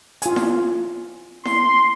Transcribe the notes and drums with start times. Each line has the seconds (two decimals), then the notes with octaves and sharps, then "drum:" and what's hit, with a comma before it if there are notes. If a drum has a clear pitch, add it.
0.22 F4 G#5, drum: hi-hat
0.36 drum: snare E4
1.45 C6, drum: snare E4